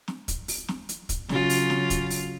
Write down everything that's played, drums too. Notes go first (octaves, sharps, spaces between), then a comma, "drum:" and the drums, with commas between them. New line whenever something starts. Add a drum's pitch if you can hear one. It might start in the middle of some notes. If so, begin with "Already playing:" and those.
drum: snare
drum: kick, hi-hat
drum: open hi-hat
drum: snare
drum: hi-hat
drum: kick, hi-hat
C#3 F#3 F4, drum: snare
drum: open hi-hat
drum: snare
drum: kick, hi-hat
drum: open hi-hat